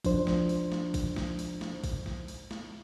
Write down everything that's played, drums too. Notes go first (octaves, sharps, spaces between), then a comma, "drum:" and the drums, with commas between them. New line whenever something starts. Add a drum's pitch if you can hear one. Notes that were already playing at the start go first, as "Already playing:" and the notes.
F3 D4 C5, drum: kick A1, open hi-hat
drum: snare
drum: open hi-hat
drum: snare
drum: kick A1, open hi-hat
drum: snare
drum: open hi-hat
drum: snare
drum: kick A1, open hi-hat
drum: snare
drum: open hi-hat
drum: snare